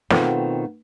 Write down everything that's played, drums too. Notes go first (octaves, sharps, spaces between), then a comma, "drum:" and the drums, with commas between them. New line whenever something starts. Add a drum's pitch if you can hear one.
B2 D#3 A3 C4 F4, drum: snare